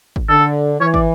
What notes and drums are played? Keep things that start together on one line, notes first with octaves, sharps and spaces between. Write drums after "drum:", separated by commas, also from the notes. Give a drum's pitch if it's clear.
drum: kick
D3 A4
E3 C#5
D5, drum: kick